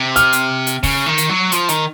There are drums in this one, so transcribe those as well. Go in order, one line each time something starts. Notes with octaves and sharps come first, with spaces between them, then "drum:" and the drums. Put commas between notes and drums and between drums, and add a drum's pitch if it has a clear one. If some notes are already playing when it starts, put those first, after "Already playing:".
Already playing: C3
F6, drum: hi-hat
drum: hi-hat
drum: hi-hat
C#3, drum: kick, open hi-hat
D#3
drum: hi-hat
F#3
F3, drum: hi-hat
D#3, drum: hi-hat